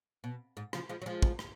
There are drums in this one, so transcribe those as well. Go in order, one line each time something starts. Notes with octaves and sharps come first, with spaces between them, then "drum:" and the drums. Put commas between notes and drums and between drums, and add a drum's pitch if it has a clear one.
B2
G#2
C#3 F3, drum: rim click
F3 G#3
F#3
F3 G#3
drum: kick
drum: rim click